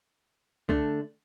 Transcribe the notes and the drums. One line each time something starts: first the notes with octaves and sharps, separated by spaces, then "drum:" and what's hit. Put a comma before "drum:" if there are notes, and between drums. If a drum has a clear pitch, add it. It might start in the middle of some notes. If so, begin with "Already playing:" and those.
D3 A3 D4, drum: kick